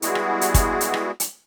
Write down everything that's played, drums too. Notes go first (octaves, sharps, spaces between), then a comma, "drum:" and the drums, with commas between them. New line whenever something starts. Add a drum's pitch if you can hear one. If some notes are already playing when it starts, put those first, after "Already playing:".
G3 G#3 B3 E4 F#4 G#4, drum: hi-hat
drum: rim click
drum: hi-hat
drum: kick, hi-hat
drum: hi-hat
drum: rim click
drum: hi-hat